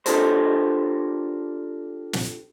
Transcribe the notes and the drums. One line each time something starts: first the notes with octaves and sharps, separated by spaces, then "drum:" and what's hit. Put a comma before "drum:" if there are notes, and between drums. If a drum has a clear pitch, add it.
D4 F4 G4 A4 A#4 C5, drum: hi-hat
drum: snare